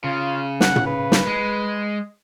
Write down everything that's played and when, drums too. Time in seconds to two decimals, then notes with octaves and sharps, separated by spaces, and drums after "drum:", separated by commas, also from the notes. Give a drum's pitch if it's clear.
0.04 C#3 F4
0.60 F#5, drum: snare
0.76 drum: tom
0.86 B4
1.12 drum: snare
1.27 G#3